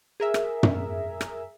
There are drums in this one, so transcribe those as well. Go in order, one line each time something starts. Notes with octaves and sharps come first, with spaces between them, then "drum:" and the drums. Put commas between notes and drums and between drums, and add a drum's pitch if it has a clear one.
G#4 A#4 E5
drum: rim click
drum: tom
drum: rim click